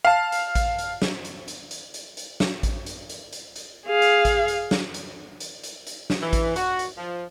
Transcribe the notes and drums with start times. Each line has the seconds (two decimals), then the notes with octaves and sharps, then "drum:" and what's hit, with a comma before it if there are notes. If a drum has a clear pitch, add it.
0.05 F5 A5
0.32 drum: hi-hat
0.55 drum: kick A1, hi-hat
0.79 drum: hi-hat
1.02 drum: snare
1.25 drum: hi-hat
1.48 drum: hi-hat
1.71 drum: hi-hat
1.94 drum: hi-hat
2.17 drum: hi-hat
2.40 drum: snare
2.63 drum: kick A1, hi-hat
2.86 drum: hi-hat
3.09 drum: hi-hat
3.33 drum: hi-hat
3.56 drum: hi-hat
3.87 G#4 F5
4.02 drum: hi-hat
4.25 drum: kick A1, hi-hat
4.48 drum: hi-hat
4.71 drum: snare
4.94 drum: hi-hat
5.40 drum: hi-hat
5.64 drum: hi-hat
5.87 drum: hi-hat
6.10 drum: snare
6.22 E3
6.33 drum: kick A1, hi-hat
6.56 F#4, drum: hi-hat
6.79 drum: hi-hat
6.98 F3